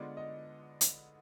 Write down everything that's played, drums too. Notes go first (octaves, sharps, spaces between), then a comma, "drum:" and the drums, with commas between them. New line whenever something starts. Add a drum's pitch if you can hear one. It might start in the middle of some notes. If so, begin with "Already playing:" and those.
Already playing: D3 G#3 B3 F4 D5
D#5
drum: hi-hat